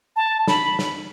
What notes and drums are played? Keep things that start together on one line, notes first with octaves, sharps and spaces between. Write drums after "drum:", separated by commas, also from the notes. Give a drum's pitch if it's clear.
A5
B5, drum: snare
drum: snare